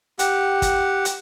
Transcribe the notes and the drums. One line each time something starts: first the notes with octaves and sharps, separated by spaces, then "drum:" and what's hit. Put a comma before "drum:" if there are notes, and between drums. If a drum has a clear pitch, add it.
G4 F#5, drum: hi-hat
drum: kick, hi-hat
drum: hi-hat